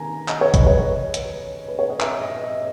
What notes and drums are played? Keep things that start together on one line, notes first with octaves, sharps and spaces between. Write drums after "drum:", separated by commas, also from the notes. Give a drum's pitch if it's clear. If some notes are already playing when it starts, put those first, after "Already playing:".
Already playing: D#3 A#3 C#4 G#5 A#5
D#5, drum: clap
C#5
B4, drum: kick, hi-hat
C#5
drum: hi-hat
B4
C#5
D#5
E5, drum: clap
D#5
E5